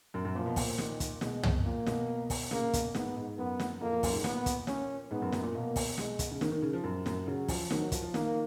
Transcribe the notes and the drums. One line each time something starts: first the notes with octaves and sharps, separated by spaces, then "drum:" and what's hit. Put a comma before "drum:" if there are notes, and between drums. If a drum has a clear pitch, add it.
F#2
F#2
A#2 F3
B2
A#2, drum: kick, open hi-hat
D#3, drum: snare
drum: kick, hi-hat
B2 G#3, drum: snare
drum: tom
A#2 A#3
B2, drum: snare
drum: kick, open hi-hat
C#3 A#3, drum: snare
C#3
B2, drum: kick, hi-hat
G#2 B3, drum: snare
G#2
F#2 B3
drum: snare
F2 A#3
F2
F#2, drum: kick, open hi-hat
A#2
G#2
A#2 B3, drum: snare
drum: kick, hi-hat
C#4, drum: snare
G#2 B3
F#2
F#2, drum: snare
A#2
B2 A#3
drum: kick, open hi-hat
G#3, drum: snare
drum: kick, hi-hat
C#3
D#3, drum: snare
D#3
C#3
F3
F#2
F#2, drum: snare
C#3 F#3
F3, drum: kick, open hi-hat
D#3 F#3, drum: snare
D#3
F3, drum: kick, hi-hat
F3
D#3 A#3, drum: snare